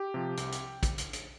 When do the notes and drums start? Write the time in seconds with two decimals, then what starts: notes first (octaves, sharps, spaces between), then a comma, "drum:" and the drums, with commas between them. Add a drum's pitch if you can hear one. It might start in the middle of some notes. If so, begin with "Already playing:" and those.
Already playing: G4
0.14 C3 F3
0.37 C2, drum: hi-hat
0.52 drum: hi-hat
0.83 drum: kick, hi-hat
0.98 drum: hi-hat
1.13 drum: hi-hat